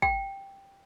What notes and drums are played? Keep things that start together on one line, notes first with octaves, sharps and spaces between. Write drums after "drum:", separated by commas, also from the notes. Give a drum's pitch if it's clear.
G5, drum: kick